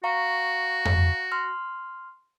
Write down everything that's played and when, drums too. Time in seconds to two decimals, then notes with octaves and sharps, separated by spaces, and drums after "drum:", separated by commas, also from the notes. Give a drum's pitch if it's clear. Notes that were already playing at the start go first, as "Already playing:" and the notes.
0.04 F#4 F5 A#5 C#6
0.85 drum: tom F2
1.32 C6 F6